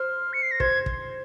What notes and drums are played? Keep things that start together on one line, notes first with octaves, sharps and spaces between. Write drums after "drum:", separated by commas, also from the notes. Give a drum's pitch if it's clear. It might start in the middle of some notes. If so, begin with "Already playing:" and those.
Already playing: C5 F6
C#7
C7
A#6
C5 G#6, drum: kick
drum: kick